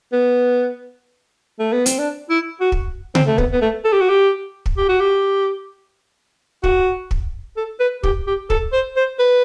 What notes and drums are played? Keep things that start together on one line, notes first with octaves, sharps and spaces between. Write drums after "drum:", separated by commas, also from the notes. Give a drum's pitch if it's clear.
B3
A3
B3
C4, drum: hi-hat
D4
E4
F#4
drum: kick
C4, drum: tom C#3
A3
B3, drum: kick
B3
A3
A4
G4
F#4
G4
drum: kick
G4
F#4
G4
F#4, drum: kick
drum: kick
A4
B4
G4, drum: kick
G4
A4, drum: kick
C5
C5
B4